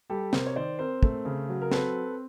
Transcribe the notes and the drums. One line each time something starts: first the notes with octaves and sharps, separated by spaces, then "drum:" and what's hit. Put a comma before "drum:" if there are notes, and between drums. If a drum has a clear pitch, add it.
G3 G4 A4
C3 A#4 C5, drum: snare
C#5
D#3 C5 D5
C4 A#4 C5
A3, drum: kick
C#3
F#3
A#4
C4 A4 B4, drum: snare